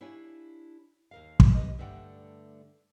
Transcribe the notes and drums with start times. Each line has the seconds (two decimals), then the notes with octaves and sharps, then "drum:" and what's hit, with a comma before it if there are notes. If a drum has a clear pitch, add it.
0.01 D4 E4 G4 C#5 F5 G#5
1.11 D#2 A#4 F5
1.40 drum: kick
1.55 G4 B4 D#5
1.78 G2 D3 G3 A3 F#5 G5